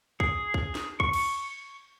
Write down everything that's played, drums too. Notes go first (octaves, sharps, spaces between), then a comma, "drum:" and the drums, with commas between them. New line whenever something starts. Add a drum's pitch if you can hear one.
G#4, drum: kick
drum: kick
drum: snare
C#6, drum: kick
drum: cymbal